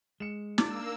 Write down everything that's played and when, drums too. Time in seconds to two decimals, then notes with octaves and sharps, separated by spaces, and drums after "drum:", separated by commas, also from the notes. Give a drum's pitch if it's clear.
0.20 G#3 C#7 E7
0.58 A#3 D4 D#4 D6 E6 A6, drum: snare